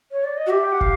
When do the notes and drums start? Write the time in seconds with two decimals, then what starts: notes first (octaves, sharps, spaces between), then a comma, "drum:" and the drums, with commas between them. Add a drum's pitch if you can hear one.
0.11 C#5
0.24 D5
0.37 D#5
0.46 F#4
0.50 G4 E5
0.64 G5
0.72 F#5
0.81 F5, drum: kick